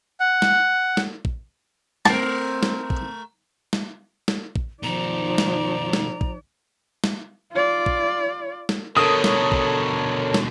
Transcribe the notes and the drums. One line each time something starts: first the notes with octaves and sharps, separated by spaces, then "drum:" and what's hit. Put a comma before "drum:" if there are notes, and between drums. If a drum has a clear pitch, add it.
F#5
drum: snare
drum: snare
drum: kick
A3 C4 A#4 A5, drum: snare
drum: snare
drum: kick
drum: snare
drum: snare
drum: kick
B2 D#3 F3 D#4 D5 A#5
drum: snare
drum: snare
drum: kick
drum: snare
F4 D5
drum: kick
drum: snare
B2 D3 A4 A#4 C#5 D#6
drum: snare
drum: kick
drum: snare